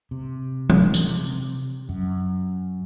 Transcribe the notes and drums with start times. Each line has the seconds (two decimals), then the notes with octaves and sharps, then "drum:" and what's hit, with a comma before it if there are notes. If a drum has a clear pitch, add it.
0.11 C3
0.70 drum: tom E3
0.94 C3, drum: tambourine
1.89 F#2